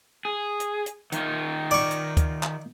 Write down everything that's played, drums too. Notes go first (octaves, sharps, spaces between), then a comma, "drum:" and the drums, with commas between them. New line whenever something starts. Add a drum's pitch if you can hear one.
G#4
drum: hi-hat
drum: hi-hat
D#3 D#4 F4, drum: hi-hat
D5 C#6
drum: hi-hat
drum: kick D2, hi-hat
drum: clap